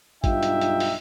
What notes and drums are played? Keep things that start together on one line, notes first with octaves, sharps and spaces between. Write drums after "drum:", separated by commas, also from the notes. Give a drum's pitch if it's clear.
B1 G2 D#4 F4 E5 G5, drum: kick A1, hi-hat
drum: hi-hat
drum: hi-hat
drum: open hi-hat